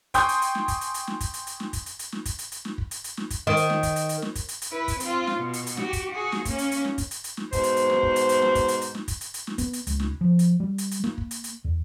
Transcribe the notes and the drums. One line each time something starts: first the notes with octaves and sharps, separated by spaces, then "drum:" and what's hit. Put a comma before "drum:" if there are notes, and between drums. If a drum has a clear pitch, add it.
G5 G#5 C6 C#6 D#6 G6, drum: kick, hi-hat
drum: hi-hat
drum: hi-hat
drum: snare
drum: kick, hi-hat
drum: hi-hat
drum: hi-hat
drum: snare
drum: kick, hi-hat
drum: hi-hat
drum: hi-hat
drum: snare
drum: kick, hi-hat
drum: hi-hat
drum: hi-hat
drum: snare
drum: kick, hi-hat
drum: hi-hat
drum: hi-hat
drum: snare
drum: kick
drum: hi-hat
drum: hi-hat
drum: snare
drum: kick, hi-hat
D#3
drum: hi-hat
drum: snare
drum: kick, hi-hat
drum: hi-hat
drum: hi-hat
drum: snare
drum: kick, hi-hat
drum: hi-hat
drum: hi-hat
E4 B4
drum: kick, hi-hat
C4 F4, drum: hi-hat
drum: snare
B2
drum: hi-hat
drum: hi-hat
F#4 G4, drum: snare
drum: kick, hi-hat
F#4 G#4
drum: snare
A#3 C#4, drum: kick, hi-hat
drum: hi-hat
drum: hi-hat
drum: snare
drum: kick, hi-hat
drum: hi-hat
drum: hi-hat
drum: snare
G#2 B2 C5, drum: kick, hi-hat
drum: hi-hat
drum: hi-hat
drum: snare
drum: kick
drum: hi-hat
drum: hi-hat
drum: snare
drum: kick, hi-hat
drum: hi-hat
drum: hi-hat
drum: snare
drum: kick, hi-hat
drum: hi-hat
drum: hi-hat
drum: snare
B3, drum: kick, hi-hat
drum: hi-hat
C#2, drum: hi-hat
drum: snare
F3
drum: hi-hat
G3
drum: hi-hat
drum: hi-hat
A#3, drum: snare
drum: kick
drum: hi-hat
drum: hi-hat
E2